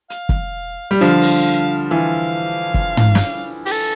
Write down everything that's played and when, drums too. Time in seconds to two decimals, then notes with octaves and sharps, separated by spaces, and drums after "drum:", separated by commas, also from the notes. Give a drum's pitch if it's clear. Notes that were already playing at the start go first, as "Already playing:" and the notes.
0.10 F5, drum: hi-hat
0.29 drum: kick
0.91 G3
1.01 D3 F3 F5
1.22 drum: open hi-hat
1.91 E3 F5
2.74 drum: kick
2.97 drum: tom
3.15 drum: snare
3.66 G4, drum: open hi-hat
3.71 A4